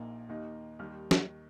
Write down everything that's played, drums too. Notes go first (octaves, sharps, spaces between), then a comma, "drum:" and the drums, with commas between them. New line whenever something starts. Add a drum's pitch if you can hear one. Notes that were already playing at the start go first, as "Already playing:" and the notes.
Already playing: A#1 A#2 A#3 D#4
D#2 D#3 A#3 D#4
D#2 D#3 G3 D#4 F6
drum: snare